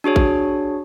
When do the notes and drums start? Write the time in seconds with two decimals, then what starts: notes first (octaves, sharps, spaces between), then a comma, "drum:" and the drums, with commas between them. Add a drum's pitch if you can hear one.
0.04 D4 F#4 G#4 C#5
0.16 drum: kick A1